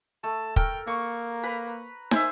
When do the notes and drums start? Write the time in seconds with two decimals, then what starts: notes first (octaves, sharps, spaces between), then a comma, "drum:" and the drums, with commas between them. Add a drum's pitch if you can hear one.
0.24 A3 A5
0.56 A4 A#4 G5, drum: kick
0.87 A#3 C#6
1.43 B4 A#5 B5
2.11 C5 E5 G#5, drum: snare